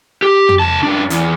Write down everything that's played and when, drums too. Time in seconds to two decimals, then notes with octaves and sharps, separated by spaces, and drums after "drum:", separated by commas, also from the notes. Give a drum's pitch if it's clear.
0.22 G4
0.49 drum: tom
0.60 C2 A5
0.83 F#2 D4
1.10 E2, drum: hi-hat